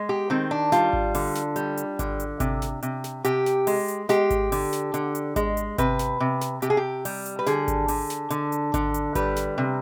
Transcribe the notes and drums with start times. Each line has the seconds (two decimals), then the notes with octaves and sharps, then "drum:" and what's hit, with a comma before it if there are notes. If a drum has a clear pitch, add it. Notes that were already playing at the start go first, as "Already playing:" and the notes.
Already playing: G#3
0.09 G4
0.30 D#3 C4
0.51 D4
0.72 G3 F4, drum: snare
0.93 drum: kick G#1
1.15 D3, drum: open hi-hat
1.35 drum: snare
1.56 G3, drum: hi-hat
1.77 drum: hi-hat
1.99 D3, drum: kick G#1, hi-hat
2.20 drum: hi-hat
2.40 C3, drum: kick G#1, hi-hat
2.62 drum: snare
2.82 C3, drum: hi-hat
3.04 drum: snare
3.24 C3 G4, drum: hi-hat
3.46 drum: snare
3.67 G#3, drum: open hi-hat
3.88 drum: hi-hat
4.09 G#3 G4, drum: snare
4.30 drum: kick G#1, hi-hat
4.52 D3, drum: open hi-hat
4.73 drum: snare
4.94 D3, drum: hi-hat
5.15 drum: hi-hat
5.36 G#3, drum: kick G#1, hi-hat
5.57 drum: hi-hat
5.78 C3 B4, drum: kick G#1, hi-hat
5.99 drum: snare
6.20 C3
6.41 drum: snare
6.62 C3 G4, drum: hi-hat
6.70 G#4
6.77 G4
7.05 G3, drum: open hi-hat
7.26 drum: hi-hat
7.39 B4
7.46 D3 G#4, drum: snare
7.68 drum: kick G#1, hi-hat
7.88 D3, drum: open hi-hat
8.10 drum: snare
8.30 D3, drum: hi-hat
8.52 drum: hi-hat
8.74 D3, drum: kick G#1, hi-hat
8.94 drum: hi-hat
9.15 G3 B4, drum: kick G#1, hi-hat
9.36 drum: snare
9.58 C3